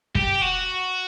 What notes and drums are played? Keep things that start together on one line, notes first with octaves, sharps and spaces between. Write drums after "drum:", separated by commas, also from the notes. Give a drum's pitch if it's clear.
G4, drum: kick
F#4